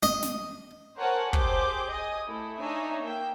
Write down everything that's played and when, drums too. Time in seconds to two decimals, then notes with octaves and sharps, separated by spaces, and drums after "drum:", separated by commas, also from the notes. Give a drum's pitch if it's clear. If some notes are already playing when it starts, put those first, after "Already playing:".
0.03 D#5, drum: snare
0.22 drum: snare
0.97 A#4 C5 C#5 F#5 G#5 A5
1.33 G4 G#4 C5 D6 G6, drum: kick
1.90 D#5 G#5 D#6
2.27 A3 E4
2.58 D4 D#4 C#5 E5 G#5
3.03 A#3 E5 G5